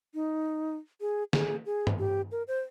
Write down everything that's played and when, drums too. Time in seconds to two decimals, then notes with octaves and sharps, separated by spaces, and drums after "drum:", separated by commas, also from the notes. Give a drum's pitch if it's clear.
0.14 D#4
1.01 G#4
1.33 G#4, drum: snare
1.66 G#4
1.87 drum: tom
1.99 G4
2.32 A#4
2.48 C5